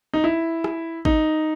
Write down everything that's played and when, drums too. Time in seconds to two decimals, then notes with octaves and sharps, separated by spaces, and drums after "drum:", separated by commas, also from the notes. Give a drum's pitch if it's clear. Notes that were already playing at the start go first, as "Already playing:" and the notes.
0.13 D#4
0.24 E4
0.64 drum: rim click
1.05 D#4, drum: kick G#1